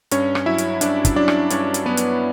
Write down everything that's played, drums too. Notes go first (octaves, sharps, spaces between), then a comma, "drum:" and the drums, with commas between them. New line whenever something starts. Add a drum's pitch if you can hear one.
G2 C#4 C#5, drum: hi-hat
drum: rim click
F#3 E4 E5
drum: hi-hat
G2 D4 D5, drum: hi-hat
drum: kick, hi-hat
F#3 D4 D5
drum: rim click
G2 C#4 C#5, drum: hi-hat
drum: hi-hat
F#3 B3 B4
drum: hi-hat